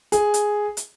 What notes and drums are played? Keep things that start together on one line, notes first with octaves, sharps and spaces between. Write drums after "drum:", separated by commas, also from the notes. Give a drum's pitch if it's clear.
G#4, drum: hi-hat
drum: hi-hat
drum: hi-hat